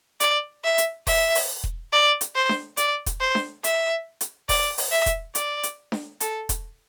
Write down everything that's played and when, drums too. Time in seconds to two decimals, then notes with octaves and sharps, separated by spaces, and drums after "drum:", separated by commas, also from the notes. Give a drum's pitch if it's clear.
0.20 D5, drum: hi-hat
0.64 E5
0.78 drum: hi-hat
1.07 E5, drum: kick E1, open hi-hat
1.35 drum: open hi-hat
1.64 drum: kick E1
1.93 D5
2.21 drum: hi-hat
2.36 C5
2.49 drum: snare D4
2.77 D5, drum: hi-hat
3.06 drum: kick E1, hi-hat
3.20 C5
3.35 drum: snare D4
3.64 E5, drum: hi-hat
4.21 drum: hi-hat
4.49 D5, drum: kick E1, open hi-hat
4.78 drum: open hi-hat
4.92 E5
5.06 drum: kick E1, hi-hat
5.35 D5, drum: hi-hat
5.63 drum: hi-hat
5.92 drum: snare D4
6.20 A4, drum: hi-hat
6.49 drum: kick E1, hi-hat